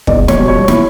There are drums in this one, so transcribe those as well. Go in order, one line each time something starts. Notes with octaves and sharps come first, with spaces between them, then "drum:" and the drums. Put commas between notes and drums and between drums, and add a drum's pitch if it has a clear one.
E2 D5, drum: kick
C#5, drum: snare
B2 G3
C#5
E4, drum: snare